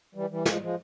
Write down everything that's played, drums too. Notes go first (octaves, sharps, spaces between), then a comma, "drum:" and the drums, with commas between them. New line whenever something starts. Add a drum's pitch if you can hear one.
E3 G3
E3 G3
F3 G#3, drum: snare
G3
F3 G#3